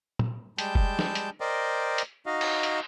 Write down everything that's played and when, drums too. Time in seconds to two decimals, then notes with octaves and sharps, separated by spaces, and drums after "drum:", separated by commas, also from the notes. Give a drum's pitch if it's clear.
0.19 drum: tom
0.58 G3 G#3 G5 A5 G6, drum: hi-hat
0.75 drum: kick F1
0.99 drum: snare
1.15 drum: hi-hat
1.41 A#4 C5 D5 D#5 G5
1.98 drum: hi-hat
2.26 D#4 F#4 D#5 F5
2.41 drum: cymbal
2.63 drum: hi-hat